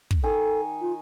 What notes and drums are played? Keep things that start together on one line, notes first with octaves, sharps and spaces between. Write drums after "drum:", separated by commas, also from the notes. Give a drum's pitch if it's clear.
drum: kick
D#3 A4 G#5
F4